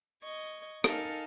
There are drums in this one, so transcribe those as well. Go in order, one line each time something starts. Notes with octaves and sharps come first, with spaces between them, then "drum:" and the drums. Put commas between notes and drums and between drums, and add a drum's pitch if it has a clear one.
D#5 C#6 G#6
D#4 A4 A#4 F5 G#5, drum: rim click